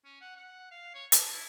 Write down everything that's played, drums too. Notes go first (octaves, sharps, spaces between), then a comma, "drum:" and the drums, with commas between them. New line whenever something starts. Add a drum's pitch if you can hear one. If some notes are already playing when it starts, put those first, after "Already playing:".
C#4
F#5
F#5
F5
C#5
A5, drum: hi-hat
E4